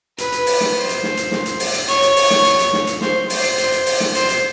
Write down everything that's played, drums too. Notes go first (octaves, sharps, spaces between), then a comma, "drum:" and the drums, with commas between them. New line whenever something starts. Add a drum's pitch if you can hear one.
B4, drum: hi-hat
drum: hi-hat
drum: open hi-hat
drum: snare
C5
drum: hi-hat
drum: snare
drum: hi-hat
drum: snare
drum: hi-hat
drum: open hi-hat
drum: hi-hat
C#5, drum: hi-hat
drum: hi-hat
drum: open hi-hat
drum: snare
drum: hi-hat
drum: hi-hat
drum: snare
drum: hi-hat
C5, drum: snare
C5, drum: open hi-hat
drum: hi-hat
drum: hi-hat
drum: hi-hat
drum: open hi-hat
drum: snare
C5, drum: hi-hat
drum: hi-hat